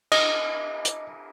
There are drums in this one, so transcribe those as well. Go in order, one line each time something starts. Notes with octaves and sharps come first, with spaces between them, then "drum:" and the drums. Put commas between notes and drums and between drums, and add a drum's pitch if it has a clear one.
D#5, drum: cymbal
drum: hi-hat